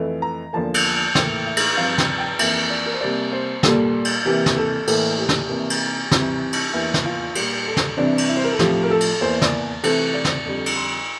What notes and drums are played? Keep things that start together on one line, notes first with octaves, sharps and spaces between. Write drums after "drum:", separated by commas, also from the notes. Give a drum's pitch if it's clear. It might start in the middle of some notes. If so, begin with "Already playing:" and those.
Already playing: F2 E3 A3
A#5
E2 D3 F3 A#3 A5
drum: cymbal
A2 E3 A#3 G5, drum: snare
E5
drum: cymbal
G2 F3 C4 F5
G5, drum: snare
G5
F2 E3 A#3 E5, drum: cymbal
D5
A#4
C5
C3 G3 A#3 D5
C5
A#2 G3 A#3 A4, drum: snare
drum: cymbal
C3 E3 A#3 G4
drum: snare
A4
A2 E3 A#3 A4, drum: cymbal
G4
drum: snare
C3 E3 A#3
drum: cymbal
C3 E3 G3 C4, drum: snare
drum: cymbal
E2 E3 A#3 E4
drum: snare
F4
A#2 G3 A#3 G4, drum: cymbal
A4
drum: snare
C3 E3 G3 C4 D4
drum: cymbal
E4
C5
A#4
A4
A2 F3 C4 G4, drum: snare
A#4
A4
drum: cymbal
E2 E3 A#3 C5
D5, drum: snare
C3 E3 A3 C4 A4, drum: cymbal
D5
drum: snare
F2 D3 G3
drum: cymbal
C6